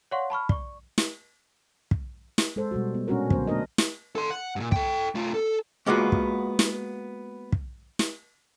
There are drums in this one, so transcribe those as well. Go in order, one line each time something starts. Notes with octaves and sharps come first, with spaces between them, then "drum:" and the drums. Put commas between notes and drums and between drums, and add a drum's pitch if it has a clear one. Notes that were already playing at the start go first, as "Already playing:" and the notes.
C#5 D5 F5 F#5 C6 C#6
A5 B5 C#6 F6
D5 C#6, drum: kick
drum: snare
drum: kick
drum: snare
G#3 A4 C5
B2 G3 G#3 F#4
B3
A#2 G#3 C#4 D4 F#4 A#4
D3 F#3 B3 C5, drum: kick
A3 B3 D4 A#4 D#5
drum: snare
A4 C6
F#5
G2 A#2
A4 G5, drum: kick
A3 F4
A4
G#3 A#3 B3 F4 F#4
drum: kick
drum: snare
drum: kick
drum: snare